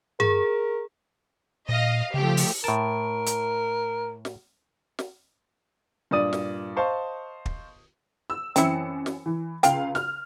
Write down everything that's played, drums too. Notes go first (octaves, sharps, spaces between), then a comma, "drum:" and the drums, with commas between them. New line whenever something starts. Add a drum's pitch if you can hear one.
G#4 A#4, drum: tom G2
A#2 D#5 F5
C#3 F3 A3 G4
drum: open hi-hat
A2 A#4 A5
drum: hi-hat
drum: snare
drum: snare
G2 A#2 D5 D#6 D#7
drum: snare
C5 D#5 F5 A5 C#6
drum: kick
E6
F#2 E3 C4 E4 C#7, drum: hi-hat
drum: snare
E3
C#2 F4 F5 G5, drum: hi-hat
F6, drum: snare